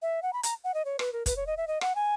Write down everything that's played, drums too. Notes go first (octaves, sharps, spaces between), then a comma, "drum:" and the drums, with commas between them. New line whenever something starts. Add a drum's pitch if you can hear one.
E5
F#5
B5
A#5, drum: hi-hat
F#5
D#5
C#5
B4, drum: rim click
A#4
B4, drum: kick, hi-hat
C#5
D#5
E5
D#5
F#5, drum: rim click
G#5